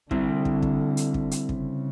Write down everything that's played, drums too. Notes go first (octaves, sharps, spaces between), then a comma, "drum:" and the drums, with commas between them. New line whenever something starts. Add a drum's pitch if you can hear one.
D3 G3 C4 E4, drum: kick
drum: kick
drum: kick
drum: hi-hat
drum: kick
drum: hi-hat
C#3, drum: kick